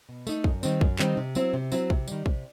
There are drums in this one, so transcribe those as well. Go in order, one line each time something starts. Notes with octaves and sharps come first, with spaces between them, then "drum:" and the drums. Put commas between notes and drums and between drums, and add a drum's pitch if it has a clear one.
B2
A3 D#4, drum: tambourine
F#2, drum: kick
D#3 G3 C4 D#4, drum: tambourine
F#2, drum: kick
D#3 G3 C4 D#4, drum: clap
C3
F#3 C4 E4, drum: tambourine
C3
F#3 C4 E4, drum: tambourine
C3, drum: kick
D#3 G3, drum: tambourine
C3, drum: kick